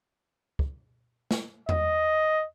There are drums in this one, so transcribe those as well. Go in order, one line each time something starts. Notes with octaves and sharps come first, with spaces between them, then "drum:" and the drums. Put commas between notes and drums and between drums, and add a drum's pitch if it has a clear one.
drum: kick
drum: snare
D#5, drum: tom E2